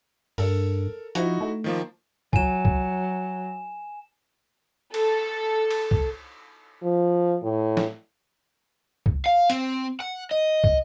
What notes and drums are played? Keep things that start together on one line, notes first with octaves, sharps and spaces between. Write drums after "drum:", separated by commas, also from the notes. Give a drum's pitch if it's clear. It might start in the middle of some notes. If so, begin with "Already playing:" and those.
G2 A4 A#4, drum: open hi-hat
F3 D#4 E4 F#4, drum: hi-hat
A3
D#3 F3 A#3
F#3 G#5 E7, drum: kick
drum: kick
A4, drum: cymbal
drum: cymbal
drum: kick
F3
A2
drum: snare
drum: kick
F5
C4, drum: hi-hat
F#5
D#5
drum: kick